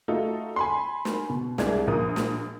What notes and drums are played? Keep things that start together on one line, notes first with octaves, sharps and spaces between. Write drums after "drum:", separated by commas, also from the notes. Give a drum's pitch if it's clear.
A3 D#4 F4 F#4 A4
G#5 B5 C6
drum: snare
B2
C2 G#3 D5 G#6, drum: snare
A#1 F3 A#4 D#6
drum: snare